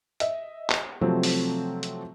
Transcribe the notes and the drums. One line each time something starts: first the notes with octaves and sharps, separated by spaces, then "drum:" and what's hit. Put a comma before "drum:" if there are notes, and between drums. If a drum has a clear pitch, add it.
D#5 E5, drum: hi-hat
drum: clap
C3 F3 F#3 A3 C4
drum: open hi-hat
drum: hi-hat